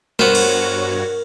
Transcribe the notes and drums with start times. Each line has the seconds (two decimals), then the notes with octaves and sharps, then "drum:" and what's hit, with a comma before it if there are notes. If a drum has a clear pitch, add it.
0.19 G2 B3 F#4 A#4 C5 C#5, drum: snare
0.35 drum: cymbal